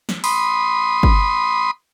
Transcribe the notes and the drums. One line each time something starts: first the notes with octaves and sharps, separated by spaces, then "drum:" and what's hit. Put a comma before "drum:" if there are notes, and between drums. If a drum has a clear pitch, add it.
drum: snare
B5 C6 D#6, drum: open hi-hat
drum: kick